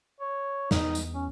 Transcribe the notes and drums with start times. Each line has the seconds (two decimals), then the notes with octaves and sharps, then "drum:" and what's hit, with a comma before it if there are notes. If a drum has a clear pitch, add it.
0.21 C#5
0.71 E2 D#4, drum: snare
0.95 drum: tambourine
1.14 C#4